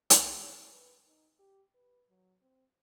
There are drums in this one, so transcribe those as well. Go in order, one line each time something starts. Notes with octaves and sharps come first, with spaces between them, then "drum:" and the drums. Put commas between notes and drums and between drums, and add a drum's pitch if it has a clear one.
drum: hi-hat
D3
B4
D#4
G4
B4
F#3
C4